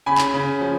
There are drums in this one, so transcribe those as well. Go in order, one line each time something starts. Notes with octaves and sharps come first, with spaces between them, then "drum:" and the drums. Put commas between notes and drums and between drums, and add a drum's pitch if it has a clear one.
C#3 G#5 B5
drum: clap
C#3
F3